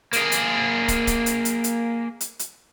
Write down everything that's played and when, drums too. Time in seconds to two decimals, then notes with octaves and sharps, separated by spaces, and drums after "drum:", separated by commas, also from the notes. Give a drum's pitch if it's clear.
0.13 A#3 G#4, drum: hi-hat
0.32 drum: hi-hat
0.88 drum: kick, hi-hat
1.07 drum: kick, hi-hat
1.26 drum: hi-hat
1.45 drum: hi-hat
1.64 drum: hi-hat
2.21 drum: hi-hat
2.39 drum: hi-hat